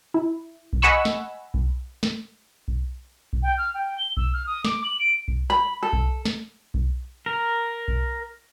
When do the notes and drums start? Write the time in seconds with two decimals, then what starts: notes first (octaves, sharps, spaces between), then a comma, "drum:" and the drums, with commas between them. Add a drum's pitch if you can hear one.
0.14 E4
0.73 drum: kick B1
0.82 D#5 F#5 G#5 B5 C#6 E6
1.05 drum: snare
1.54 drum: kick B1
2.03 drum: snare
2.68 drum: kick B1
3.33 drum: kick B1
3.43 G5
3.58 F6
3.74 G5
3.98 G7
4.17 E6, drum: kick B1
4.33 F6
4.47 D#6
4.65 D6, drum: snare
4.84 F#7
5.00 D7
5.28 drum: kick B1
5.50 B5
5.83 A4
5.93 drum: kick B1
6.25 drum: snare
6.74 drum: kick B1
7.26 A#4
7.88 drum: kick B1